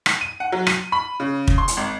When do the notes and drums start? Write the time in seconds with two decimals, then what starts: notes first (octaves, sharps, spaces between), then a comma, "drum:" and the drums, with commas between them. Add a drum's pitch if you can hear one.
0.06 drum: rim click
0.21 D#7
0.40 F#5
0.52 F#3
0.67 D#7, drum: rim click
0.92 B5
1.20 C#3
1.48 drum: kick
1.58 C6
1.68 drum: hi-hat
1.77 G#1